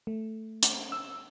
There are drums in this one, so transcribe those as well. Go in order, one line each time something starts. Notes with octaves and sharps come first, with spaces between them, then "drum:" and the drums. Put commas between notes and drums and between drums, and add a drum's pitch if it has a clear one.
A3
drum: hi-hat
E6